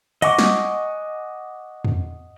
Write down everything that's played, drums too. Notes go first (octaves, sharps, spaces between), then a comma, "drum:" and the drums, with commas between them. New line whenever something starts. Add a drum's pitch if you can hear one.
D#5 F#5 G#5 C#6 D6, drum: hi-hat
drum: snare
drum: tom